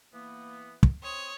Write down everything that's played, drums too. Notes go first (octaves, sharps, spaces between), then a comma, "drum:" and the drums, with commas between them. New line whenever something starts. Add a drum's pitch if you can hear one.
E3 A#3 B3
drum: kick
C4 C#5 C6 D#6